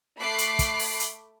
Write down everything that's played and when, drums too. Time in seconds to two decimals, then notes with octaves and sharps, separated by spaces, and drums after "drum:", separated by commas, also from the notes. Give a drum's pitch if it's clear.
0.18 A3 B5 D6 F#6 C7
0.38 drum: hi-hat
0.59 drum: kick, hi-hat
0.79 drum: open hi-hat
1.00 drum: hi-hat